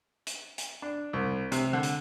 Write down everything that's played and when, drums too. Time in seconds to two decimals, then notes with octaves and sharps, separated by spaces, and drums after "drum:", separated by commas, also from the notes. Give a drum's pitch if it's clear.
0.27 drum: hi-hat
0.58 drum: hi-hat
0.82 D4
1.13 C2
1.52 C3, drum: hi-hat
1.73 D3
1.83 drum: hi-hat